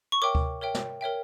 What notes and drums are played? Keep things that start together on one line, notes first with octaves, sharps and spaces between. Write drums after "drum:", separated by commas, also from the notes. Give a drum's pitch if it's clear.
C#6
A#4 C#5 E5 G5 D6
drum: kick D2
A#4 C#5 E5 G5
drum: snare
A#4 C#5 E5 G5